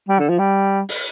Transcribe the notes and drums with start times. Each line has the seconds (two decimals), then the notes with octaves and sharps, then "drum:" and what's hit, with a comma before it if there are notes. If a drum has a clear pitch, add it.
0.09 G3
0.19 D3
0.29 F3
0.39 G3
0.89 drum: open hi-hat